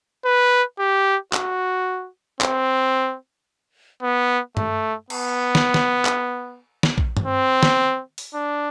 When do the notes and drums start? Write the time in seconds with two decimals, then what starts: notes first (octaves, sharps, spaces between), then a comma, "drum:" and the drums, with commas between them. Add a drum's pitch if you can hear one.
0.25 B4
0.79 G4
1.33 F#4, drum: clap
2.41 C4, drum: clap
4.03 B3
4.57 A3, drum: tom G2
5.10 B3, drum: cymbal
5.55 drum: snare
5.74 drum: snare
6.05 drum: clap
6.83 drum: snare
6.98 drum: kick A#1
7.17 drum: tom G2
7.26 C4
7.63 drum: snare
8.18 drum: open hi-hat
8.34 D4